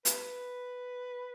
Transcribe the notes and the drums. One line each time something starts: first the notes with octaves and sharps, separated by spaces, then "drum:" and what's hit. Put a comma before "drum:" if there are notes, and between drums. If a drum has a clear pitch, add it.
B4, drum: hi-hat